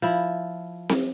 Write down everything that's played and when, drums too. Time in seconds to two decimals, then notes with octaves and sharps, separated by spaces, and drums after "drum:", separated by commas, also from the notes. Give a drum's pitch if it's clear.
0.02 F3 E4
0.89 drum: snare C4